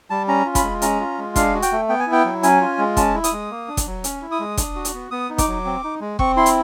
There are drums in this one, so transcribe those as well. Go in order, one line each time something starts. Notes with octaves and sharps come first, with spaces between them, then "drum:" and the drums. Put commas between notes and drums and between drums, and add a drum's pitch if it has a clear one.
G3 A5
C#4 A#5
F4
B5, drum: kick F1, hi-hat
G#3
C#4 A#5, drum: hi-hat
F4
G#3
D4 F5, drum: kick F1, hi-hat
F#4
G5, drum: hi-hat
A3
B3 G5
G#5
E4
G5
F#3
C#4 G#5, drum: hi-hat
F4
G#3
C#4 A5, drum: kick F1, hi-hat
E4
D#6, drum: hi-hat
G#3
A#3
D4
drum: kick F1, hi-hat
F#3
C#4, drum: hi-hat
E4
D#6
G#3
D4, drum: kick F1, hi-hat
F#4
drum: hi-hat
B3
B3 D#6
D#4
D6, drum: kick F1, hi-hat
F#3
C4
D#4
G#3
C4 C#6, drum: kick F1
E4 C6
drum: hi-hat